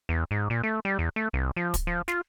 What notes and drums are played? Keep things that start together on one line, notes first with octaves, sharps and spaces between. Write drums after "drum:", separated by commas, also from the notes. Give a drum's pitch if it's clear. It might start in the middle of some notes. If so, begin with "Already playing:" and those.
E2
G#2
A#2
A3
G3
E2
A3
C2
F3
drum: kick, hi-hat
F3
F4, drum: snare